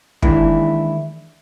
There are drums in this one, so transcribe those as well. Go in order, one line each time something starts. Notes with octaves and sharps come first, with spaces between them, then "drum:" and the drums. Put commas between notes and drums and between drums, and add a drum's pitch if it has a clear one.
D#3 E3 G#3 A#3 D4 E4, drum: kick